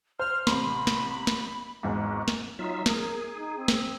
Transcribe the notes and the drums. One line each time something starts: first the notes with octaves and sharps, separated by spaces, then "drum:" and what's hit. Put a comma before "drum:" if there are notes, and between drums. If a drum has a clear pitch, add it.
C5 F6
A1 C3 B5 C6, drum: snare
drum: snare
drum: snare
G#1 E2 G#2
drum: snare
F#3 D#4 F4 E5
G#4 A#4, drum: snare
D#4
C4
drum: snare